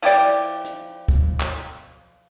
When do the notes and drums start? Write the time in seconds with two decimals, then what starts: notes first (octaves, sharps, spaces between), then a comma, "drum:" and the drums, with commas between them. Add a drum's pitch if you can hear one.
0.02 F3 E4 G4 D5, drum: cymbal
0.64 drum: hi-hat
1.08 drum: kick
1.40 drum: clap